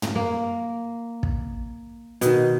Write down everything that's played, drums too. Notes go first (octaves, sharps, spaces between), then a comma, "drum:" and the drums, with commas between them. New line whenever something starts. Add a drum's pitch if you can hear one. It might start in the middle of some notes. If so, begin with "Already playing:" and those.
drum: tom
A#3
drum: kick
B2 D#3, drum: hi-hat